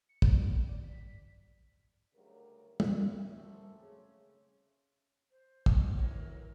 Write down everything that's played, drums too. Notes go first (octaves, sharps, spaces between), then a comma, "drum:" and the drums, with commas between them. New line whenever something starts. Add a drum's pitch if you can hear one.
C#7
C#4, drum: kick
A#2
G5
D5
B6
B6
D2 C#3 F#3 G3 A#4
drum: tom
G4 A#4 E5
F#2 A3 C4 E5
A4 C5
C#3 G#4 C#5
C#3
C5
drum: kick
F2 D3 E3 F#4 A#4 C#5